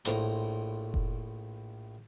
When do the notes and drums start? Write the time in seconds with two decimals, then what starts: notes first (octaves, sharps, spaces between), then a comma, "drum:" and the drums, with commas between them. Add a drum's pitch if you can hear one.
0.05 A#1 A2 C5 A#5, drum: hi-hat
0.94 drum: kick F1